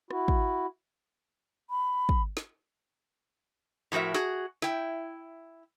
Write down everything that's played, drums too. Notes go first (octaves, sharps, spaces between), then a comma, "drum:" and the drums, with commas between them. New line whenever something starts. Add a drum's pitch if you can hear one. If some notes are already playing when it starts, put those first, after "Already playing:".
E4 F#4, drum: rim click
drum: kick
B5
drum: kick
drum: snare
A2 F3 F#4 A#4 E5
F#4 G#4, drum: snare
E4 G5, drum: snare